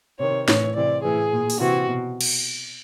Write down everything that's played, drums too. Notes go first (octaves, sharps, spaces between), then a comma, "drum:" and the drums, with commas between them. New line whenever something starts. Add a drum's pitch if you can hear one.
C3 D#3 C#5
A2 E3 C#5, drum: snare
C3 E3 D5
A2 E3 G#4
A#2
drum: open hi-hat
C3 E3 F#4
B2
drum: cymbal